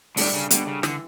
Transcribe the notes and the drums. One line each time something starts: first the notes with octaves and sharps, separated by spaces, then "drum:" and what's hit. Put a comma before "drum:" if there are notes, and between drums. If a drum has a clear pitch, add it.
A2 D3 G3 D4, drum: open hi-hat
C#3
B2 D3 G3 D4, drum: hi-hat
C#3
D3 E3, drum: snare